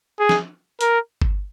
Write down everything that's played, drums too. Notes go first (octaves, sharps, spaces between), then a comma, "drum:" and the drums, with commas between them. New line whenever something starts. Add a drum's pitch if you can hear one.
G#4
drum: snare
A#4, drum: hi-hat
drum: kick G1